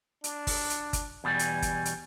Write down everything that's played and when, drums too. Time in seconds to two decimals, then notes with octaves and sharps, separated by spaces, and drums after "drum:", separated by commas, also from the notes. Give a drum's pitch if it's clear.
0.24 D4, drum: hi-hat
0.47 drum: kick G1, open hi-hat
0.70 drum: hi-hat
0.93 drum: kick G1, hi-hat
1.24 E2 B2 G3 G#5
1.39 drum: hi-hat
1.62 drum: kick G1, hi-hat
1.85 drum: hi-hat